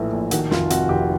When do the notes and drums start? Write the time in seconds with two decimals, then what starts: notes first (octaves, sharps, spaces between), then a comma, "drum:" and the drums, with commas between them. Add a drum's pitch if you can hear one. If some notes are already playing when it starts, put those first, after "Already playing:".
Already playing: A#1 A2 E3
0.12 A#1
0.31 D#3 F#4, drum: hi-hat
0.51 F1 F4, drum: snare
0.70 C3 F#4, drum: hi-hat
0.89 F1 G4